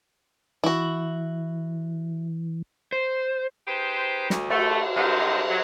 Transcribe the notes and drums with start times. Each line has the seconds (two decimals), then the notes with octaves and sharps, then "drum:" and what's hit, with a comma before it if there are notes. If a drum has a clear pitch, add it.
0.64 E3 E4 F#4
2.92 C5
3.68 D#4 G4 G#4 B4 C5
4.30 D2, drum: snare
4.50 A3, drum: cymbal
4.96 G2 F#3 C4 C5 D#5 F5, drum: cymbal
5.50 F#3